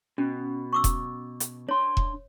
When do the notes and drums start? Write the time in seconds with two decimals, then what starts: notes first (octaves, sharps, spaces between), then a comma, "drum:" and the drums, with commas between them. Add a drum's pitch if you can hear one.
0.18 B2 C#4
0.73 C#6 D6 E6
0.84 drum: kick E1, hi-hat
1.40 drum: hi-hat
1.69 D4 C#5 C6
1.97 drum: kick E1